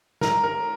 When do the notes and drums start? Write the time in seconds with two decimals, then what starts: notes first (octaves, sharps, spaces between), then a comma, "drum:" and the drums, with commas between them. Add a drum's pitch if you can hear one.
0.21 A#4, drum: snare
0.44 A#4, drum: cymbal